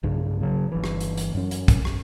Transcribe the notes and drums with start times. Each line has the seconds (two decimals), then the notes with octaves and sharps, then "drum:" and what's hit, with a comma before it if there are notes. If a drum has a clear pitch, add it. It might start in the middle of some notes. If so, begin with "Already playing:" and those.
0.03 B1 G2 C#3
0.41 C#3 F#3
0.72 G1 E3
0.84 drum: rim click
1.01 drum: hi-hat
1.17 drum: hi-hat
1.34 F#2 C#4
1.51 drum: hi-hat
1.68 drum: kick, hi-hat
1.85 drum: rim click